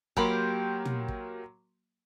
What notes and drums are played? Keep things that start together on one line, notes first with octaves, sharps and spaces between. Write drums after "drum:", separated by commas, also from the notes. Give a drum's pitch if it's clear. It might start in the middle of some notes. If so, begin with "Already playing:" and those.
F#3 A#3 G4 A#4 B5 C6, drum: kick
drum: tom
drum: kick